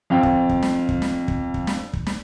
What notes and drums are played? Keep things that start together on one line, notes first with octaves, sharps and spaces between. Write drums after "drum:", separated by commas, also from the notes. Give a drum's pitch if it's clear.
F2 F5 G5
drum: kick
drum: kick
drum: snare
drum: kick
drum: snare
drum: kick
drum: kick
drum: snare
drum: kick
drum: snare